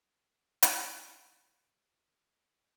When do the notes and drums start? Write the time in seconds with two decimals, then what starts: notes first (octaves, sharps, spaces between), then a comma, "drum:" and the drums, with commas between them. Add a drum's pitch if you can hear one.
0.12 E3 G#3 A#3 B3 F#4 C5
0.63 drum: hi-hat